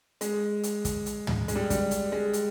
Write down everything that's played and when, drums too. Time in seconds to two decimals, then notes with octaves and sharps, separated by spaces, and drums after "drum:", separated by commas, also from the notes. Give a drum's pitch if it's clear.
0.21 G#3, drum: hi-hat
0.63 drum: hi-hat
0.85 drum: kick, hi-hat
1.06 drum: hi-hat
1.27 drum: tom
1.48 G#3, drum: hi-hat
1.55 G3
1.70 G3, drum: kick, hi-hat
1.91 drum: hi-hat
2.12 G#3
2.33 drum: hi-hat